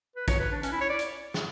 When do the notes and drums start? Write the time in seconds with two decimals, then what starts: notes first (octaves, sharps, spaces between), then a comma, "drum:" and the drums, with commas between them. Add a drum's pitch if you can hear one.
0.16 B4
0.28 C#5, drum: kick, hi-hat
0.39 B4
0.51 D4
0.63 C#4, drum: hi-hat
0.72 E4
0.81 C#5
0.90 D5
0.99 drum: hi-hat
1.34 drum: snare